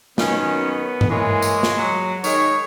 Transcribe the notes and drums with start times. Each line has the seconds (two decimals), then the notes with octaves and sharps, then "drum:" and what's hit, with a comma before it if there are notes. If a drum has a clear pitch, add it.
0.18 F#2 D#3 B3 C#4, drum: snare
1.01 drum: tom G2
1.10 E3 G#3 A#3 C#5
1.42 drum: tambourine
1.63 drum: snare
1.77 F#3
2.24 D#3 G#3 C#5, drum: tambourine